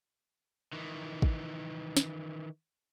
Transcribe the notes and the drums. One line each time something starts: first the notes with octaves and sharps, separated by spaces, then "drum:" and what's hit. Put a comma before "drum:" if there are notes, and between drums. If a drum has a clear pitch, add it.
D#3 E3
drum: kick
drum: snare